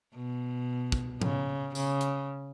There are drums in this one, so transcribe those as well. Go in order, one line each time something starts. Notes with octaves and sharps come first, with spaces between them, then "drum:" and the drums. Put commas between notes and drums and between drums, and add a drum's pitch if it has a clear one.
B2
drum: kick
C#3, drum: tom A2
C#3, drum: tambourine
drum: hi-hat